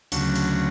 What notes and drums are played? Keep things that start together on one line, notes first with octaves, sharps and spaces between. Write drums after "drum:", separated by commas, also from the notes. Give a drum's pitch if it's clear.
D2 C#3 F#3, drum: hi-hat
drum: hi-hat